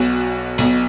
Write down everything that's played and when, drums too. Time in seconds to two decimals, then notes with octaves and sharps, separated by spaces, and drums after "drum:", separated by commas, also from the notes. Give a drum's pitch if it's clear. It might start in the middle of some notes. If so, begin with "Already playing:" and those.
Already playing: B1 B2 F#4
0.58 B1 B2, drum: open hi-hat